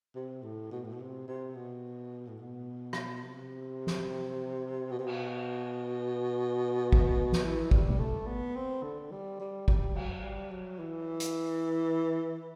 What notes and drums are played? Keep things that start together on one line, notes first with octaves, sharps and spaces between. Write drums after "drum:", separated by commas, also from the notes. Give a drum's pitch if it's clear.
C3
A2
B2
A2
B2
C3
C3
B2
A2
B2
drum: rim click
C3
drum: snare
B2
C3
B2, drum: cymbal
drum: kick
drum: snare
E3
G3, drum: kick
drum: tom B2
A3
B3
C4
D3
G3
G3
G3, drum: kick
F#3, drum: cymbal
G3
F#3
E3
drum: hi-hat